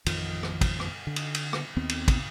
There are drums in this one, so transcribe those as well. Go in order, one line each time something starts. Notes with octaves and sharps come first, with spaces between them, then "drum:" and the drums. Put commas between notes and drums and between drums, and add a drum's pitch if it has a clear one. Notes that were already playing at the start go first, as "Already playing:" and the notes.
A1 F2 D#3 F3, drum: cymbal
drum: rim click
drum: kick, cymbal
drum: rim click
D3
drum: cymbal
drum: cymbal
drum: rim click
D#2 D#3 B3 C4
drum: cymbal
drum: kick, cymbal